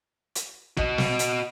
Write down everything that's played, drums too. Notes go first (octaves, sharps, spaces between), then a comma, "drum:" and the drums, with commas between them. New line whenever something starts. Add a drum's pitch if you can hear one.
drum: hi-hat
F#4 D#5, drum: kick
drum: snare
drum: hi-hat